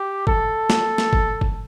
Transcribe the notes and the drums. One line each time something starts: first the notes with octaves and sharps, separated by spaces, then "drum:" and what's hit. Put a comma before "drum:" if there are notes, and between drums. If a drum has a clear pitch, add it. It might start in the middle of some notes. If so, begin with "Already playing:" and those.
Already playing: G4
A4, drum: kick
drum: snare
drum: snare
drum: kick
drum: kick